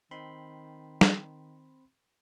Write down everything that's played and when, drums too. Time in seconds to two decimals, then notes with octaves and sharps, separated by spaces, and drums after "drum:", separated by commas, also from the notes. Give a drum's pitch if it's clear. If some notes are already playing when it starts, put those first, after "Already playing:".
0.11 D#3 C4 B5 C6
1.01 drum: snare